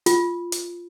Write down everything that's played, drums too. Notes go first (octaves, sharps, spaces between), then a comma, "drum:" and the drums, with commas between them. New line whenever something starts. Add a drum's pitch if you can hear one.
F4, drum: hi-hat
drum: hi-hat